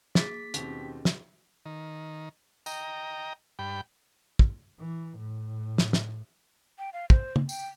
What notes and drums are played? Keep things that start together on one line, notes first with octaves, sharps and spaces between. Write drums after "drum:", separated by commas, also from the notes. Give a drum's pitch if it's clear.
A#3 G#4 D6 A6 B6, drum: snare
D#2 B2 C4 C#4 G4 G5, drum: hi-hat
drum: snare
D#3
D#5 G5 A#5, drum: tambourine
G2 G5 B5
drum: kick
E3
A2
drum: snare
drum: snare
G5
F5
C5, drum: kick
drum: tom
G5, drum: tambourine